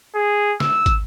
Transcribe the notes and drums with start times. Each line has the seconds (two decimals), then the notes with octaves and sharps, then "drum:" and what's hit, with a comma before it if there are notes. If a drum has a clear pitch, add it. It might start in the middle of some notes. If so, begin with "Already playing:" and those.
0.15 G#4
0.60 E6, drum: snare
0.86 drum: kick, hi-hat